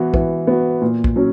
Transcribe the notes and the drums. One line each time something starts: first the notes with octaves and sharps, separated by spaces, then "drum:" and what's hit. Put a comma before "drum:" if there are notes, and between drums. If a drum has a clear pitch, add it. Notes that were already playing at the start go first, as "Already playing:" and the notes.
Already playing: E3 B3 F#4
E3, drum: kick
B3 F#4
A#2
drum: kick
F#3 C#4